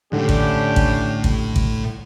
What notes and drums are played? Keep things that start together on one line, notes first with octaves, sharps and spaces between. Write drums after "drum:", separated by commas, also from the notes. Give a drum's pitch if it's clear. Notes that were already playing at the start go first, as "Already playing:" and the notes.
A2 D3 C#4 D4 G4
drum: kick A1
drum: kick A1
drum: kick A1
drum: kick A1